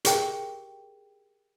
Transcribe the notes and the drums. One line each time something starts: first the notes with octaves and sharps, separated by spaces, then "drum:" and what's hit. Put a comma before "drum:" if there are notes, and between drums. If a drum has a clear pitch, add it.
G4 G#4 A#4 G5, drum: hi-hat